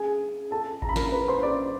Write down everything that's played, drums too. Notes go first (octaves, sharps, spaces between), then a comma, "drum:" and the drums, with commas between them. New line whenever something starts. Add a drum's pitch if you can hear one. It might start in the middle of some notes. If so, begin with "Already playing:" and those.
Already playing: G#4 G#5
A4 A5
A#5, drum: kick A1
B5
A#4 A#5, drum: snare
B4 B5
C5 C6
D5 D6